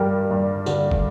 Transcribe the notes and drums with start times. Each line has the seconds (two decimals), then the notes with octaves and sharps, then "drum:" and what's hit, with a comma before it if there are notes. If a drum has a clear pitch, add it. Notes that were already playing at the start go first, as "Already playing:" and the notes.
Already playing: G2 G3 A#4
0.31 G2
0.66 D3, drum: tambourine
0.91 drum: kick